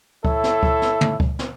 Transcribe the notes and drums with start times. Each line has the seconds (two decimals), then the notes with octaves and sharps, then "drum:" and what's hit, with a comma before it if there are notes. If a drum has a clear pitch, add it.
0.25 E4 A4 C#5 E5, drum: kick C#2
0.44 drum: snare
0.63 drum: kick C#2
0.82 drum: snare
1.01 drum: tom
1.20 drum: kick C#2
1.39 drum: snare